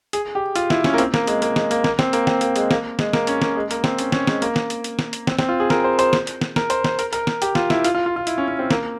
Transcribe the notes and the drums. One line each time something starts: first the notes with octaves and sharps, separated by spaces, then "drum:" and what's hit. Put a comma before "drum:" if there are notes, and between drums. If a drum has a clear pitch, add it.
G#4, drum: hi-hat
G4
F4, drum: hi-hat
E4, drum: snare
C#4, drum: snare
A#3
C4, drum: hi-hat
A#3, drum: snare
G#3, drum: hi-hat
A#3, drum: hi-hat
G#3, drum: snare
A#3, drum: hi-hat
A#3, drum: snare
C4, drum: snare
A#3, drum: hi-hat
C4, drum: snare
A#3, drum: hi-hat
G#3, drum: hi-hat
A#3, drum: snare
G#3, drum: snare
A#3, drum: snare
C#4, drum: hi-hat
A#3, drum: snare
G#3
A#3, drum: hi-hat
C4, drum: snare
C#4, drum: hi-hat
C#4, drum: snare
G#3, drum: snare
A#3, drum: hi-hat
drum: snare
drum: hi-hat
drum: hi-hat
drum: snare
drum: hi-hat
C4, drum: snare
C4, drum: snare
F4
G#4
A#4, drum: snare
C5
C5, drum: hi-hat
drum: snare
drum: hi-hat
drum: snare
A#4, drum: snare
C5, drum: hi-hat
C5, drum: snare
A#4, drum: hi-hat
A#4, drum: hi-hat
drum: snare
G4, drum: hi-hat
F4, drum: snare
E4, drum: snare
F4, drum: hi-hat
F4
F4
F4
E4, drum: hi-hat
C#4
C#4
C4
A#3, drum: snare